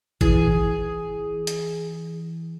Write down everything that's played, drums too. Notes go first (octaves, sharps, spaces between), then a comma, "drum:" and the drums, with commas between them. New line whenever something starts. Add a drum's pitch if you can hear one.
E3 G#4, drum: kick
drum: hi-hat